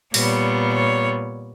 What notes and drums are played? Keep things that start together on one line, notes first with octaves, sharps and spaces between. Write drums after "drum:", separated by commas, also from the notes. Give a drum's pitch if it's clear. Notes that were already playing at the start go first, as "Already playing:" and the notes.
A#2 G3 B3 C#5, drum: open hi-hat
C#5